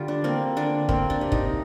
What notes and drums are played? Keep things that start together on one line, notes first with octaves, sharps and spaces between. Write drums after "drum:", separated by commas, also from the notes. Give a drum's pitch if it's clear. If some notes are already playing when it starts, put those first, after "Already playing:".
Already playing: D3 G3 F4 G4
D4
A#3 C4
D3 D4
A#3 C4, drum: kick
D4
C3
D#4, drum: kick